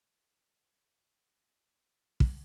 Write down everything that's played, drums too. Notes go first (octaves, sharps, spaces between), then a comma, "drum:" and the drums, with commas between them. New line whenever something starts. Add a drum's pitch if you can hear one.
A4 C#5 F5 F#5
drum: kick